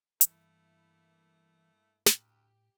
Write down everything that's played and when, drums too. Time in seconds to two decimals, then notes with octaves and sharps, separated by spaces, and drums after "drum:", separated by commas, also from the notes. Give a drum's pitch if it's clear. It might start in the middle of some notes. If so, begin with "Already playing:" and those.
0.21 G2 E3 A3 A#3 E4, drum: hi-hat
2.06 D2 A2 G4, drum: snare